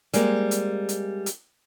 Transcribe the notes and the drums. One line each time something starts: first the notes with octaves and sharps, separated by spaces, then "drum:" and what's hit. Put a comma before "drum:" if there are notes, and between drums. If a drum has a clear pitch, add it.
G3 G#3 A#3 C4, drum: hi-hat
drum: hi-hat
drum: hi-hat
drum: hi-hat